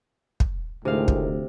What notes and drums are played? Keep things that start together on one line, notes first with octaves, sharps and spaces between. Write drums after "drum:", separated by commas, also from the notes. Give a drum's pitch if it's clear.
drum: kick
D2 A2 C3 D#3 G#3 F5
drum: kick